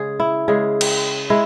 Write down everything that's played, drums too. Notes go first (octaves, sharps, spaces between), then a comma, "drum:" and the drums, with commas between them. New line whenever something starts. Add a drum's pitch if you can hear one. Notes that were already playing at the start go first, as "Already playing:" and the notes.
Already playing: C#3 G#3 G#4
E4
C#3 G#3 G#4
drum: cymbal
G#3 E4